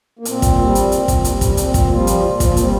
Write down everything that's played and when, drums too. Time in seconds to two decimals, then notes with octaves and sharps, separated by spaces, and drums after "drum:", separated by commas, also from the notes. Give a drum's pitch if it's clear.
0.19 A#3
0.25 A#2 C4, drum: hi-hat
0.42 drum: kick, hi-hat
0.59 G3
0.75 drum: hi-hat
0.92 A#2, drum: hi-hat
1.08 drum: kick, hi-hat
1.24 G3, drum: hi-hat
1.41 drum: kick, hi-hat
1.57 A#2 C4, drum: hi-hat
1.74 drum: kick, hi-hat
1.90 F3 G3 F4
2.07 drum: hi-hat
2.24 A#2
2.40 F3 F4, drum: kick, hi-hat
2.57 G3 C4, drum: hi-hat